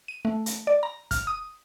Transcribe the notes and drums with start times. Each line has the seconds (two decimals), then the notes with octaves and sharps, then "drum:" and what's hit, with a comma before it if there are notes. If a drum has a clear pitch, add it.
0.08 D#7
0.25 A3
0.46 drum: hi-hat
0.67 D5
0.83 A#5
1.11 F6, drum: kick, hi-hat
1.27 D#6